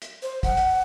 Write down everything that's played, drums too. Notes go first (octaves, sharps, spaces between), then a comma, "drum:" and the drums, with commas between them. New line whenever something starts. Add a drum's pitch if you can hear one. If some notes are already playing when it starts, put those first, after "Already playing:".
drum: hi-hat
C5
F#5, drum: kick, hi-hat
drum: hi-hat